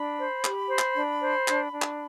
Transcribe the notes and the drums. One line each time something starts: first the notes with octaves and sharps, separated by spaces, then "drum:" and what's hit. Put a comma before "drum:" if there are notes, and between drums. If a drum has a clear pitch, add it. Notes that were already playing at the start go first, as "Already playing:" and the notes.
Already playing: D4 B5
C5
G4, drum: clap
C5
drum: clap
D4
C5
D4, drum: clap
D4
drum: clap